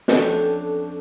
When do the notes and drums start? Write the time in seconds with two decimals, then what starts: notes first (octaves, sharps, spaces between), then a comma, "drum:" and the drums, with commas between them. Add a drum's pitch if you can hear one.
0.08 F2 C#4 D4 A4 E5 G5, drum: snare